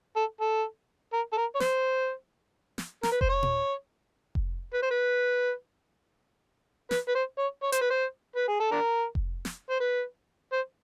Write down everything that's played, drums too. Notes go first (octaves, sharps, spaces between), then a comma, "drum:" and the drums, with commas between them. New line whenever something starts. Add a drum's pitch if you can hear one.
A4
A4
A#4
A4
A#4
C#5
C5, drum: snare
drum: snare
A#4, drum: snare
B4
C5, drum: kick F1
C#5
drum: tom A#2
drum: kick F1
B4
C5
B4
B4, drum: snare
B4
C5
C#5
C#5
C5, drum: hi-hat
B4
C5
B4
G#4
A4
D4 A#4
drum: kick F1
drum: snare
C5
B4
C5